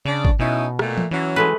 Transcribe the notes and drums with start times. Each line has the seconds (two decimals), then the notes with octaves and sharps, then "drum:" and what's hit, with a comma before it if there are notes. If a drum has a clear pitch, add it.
0.05 C#3 D4 D5
0.25 drum: kick G#1
0.39 B2 C#4 D#4 E4
0.79 A#2 A3, drum: rim click
0.97 drum: tom E3
1.11 E3 F#3 C#4
1.36 G#3 A3 B4